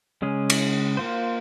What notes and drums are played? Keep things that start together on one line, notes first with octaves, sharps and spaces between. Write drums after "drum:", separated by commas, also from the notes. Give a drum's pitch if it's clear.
C#3 G#3 C#4 G#4
drum: cymbal
A#3 F4 C5